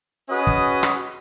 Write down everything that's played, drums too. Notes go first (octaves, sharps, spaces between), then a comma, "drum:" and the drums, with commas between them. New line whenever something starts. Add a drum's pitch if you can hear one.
C#4 F#4 G#4 B4 D#5
drum: kick
drum: rim click